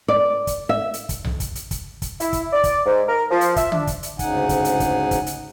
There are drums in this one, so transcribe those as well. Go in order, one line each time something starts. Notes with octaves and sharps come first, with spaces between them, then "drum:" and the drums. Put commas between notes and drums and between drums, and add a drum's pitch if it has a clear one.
D5
drum: kick, hi-hat
E5
drum: hi-hat
drum: kick, hi-hat
drum: tom B1
drum: kick, hi-hat
drum: hi-hat
drum: kick, hi-hat
drum: kick, hi-hat
E4, drum: hi-hat
drum: kick, hi-hat
D5
drum: kick, hi-hat
G#2
A#4
F3
drum: hi-hat
E5, drum: kick, hi-hat
D4, drum: tom D3
drum: kick, hi-hat
drum: hi-hat
D2 G#2 C#3 D#4 F#5 G#5, drum: kick, hi-hat
drum: kick, hi-hat
drum: hi-hat
drum: kick, hi-hat
drum: kick, hi-hat
drum: hi-hat